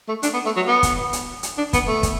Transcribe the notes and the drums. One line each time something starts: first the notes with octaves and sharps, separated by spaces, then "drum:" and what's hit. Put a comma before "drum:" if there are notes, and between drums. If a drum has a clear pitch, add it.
A3
D4, drum: hi-hat
B3
A3
F#3
B3
drum: kick, hi-hat
drum: hi-hat
drum: hi-hat
D4
B3, drum: kick, hi-hat
A3
drum: kick, hi-hat